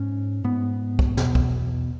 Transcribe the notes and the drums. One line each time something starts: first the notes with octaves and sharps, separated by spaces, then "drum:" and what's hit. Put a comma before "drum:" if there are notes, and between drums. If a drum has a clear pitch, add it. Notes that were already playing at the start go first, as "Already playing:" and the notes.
Already playing: G#2 C#4
G#2 B3
drum: kick
E2 B2, drum: snare
drum: kick